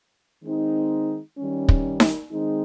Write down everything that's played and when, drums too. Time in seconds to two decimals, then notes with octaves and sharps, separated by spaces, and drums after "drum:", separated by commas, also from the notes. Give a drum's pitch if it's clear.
0.43 D#3 G#3 C4 D#4
1.37 D#3 G3 C#4
1.68 drum: kick
2.00 drum: snare D#4
2.31 D#3 G#3 C4 D#4